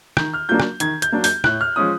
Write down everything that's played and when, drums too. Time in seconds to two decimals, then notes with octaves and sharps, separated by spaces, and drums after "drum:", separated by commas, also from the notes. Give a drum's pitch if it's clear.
0.17 D#3 G6, drum: rim click
0.34 F6
0.49 F#3 A#3 D4 G6
0.60 drum: rim click
0.80 D#3 G#6, drum: hi-hat
1.02 G6, drum: hi-hat
1.12 F#3 A#3 D4
1.24 G6, drum: open hi-hat
1.44 A2 F#6, drum: rim click
1.61 F6
1.76 F3 G#3 C#4 D#6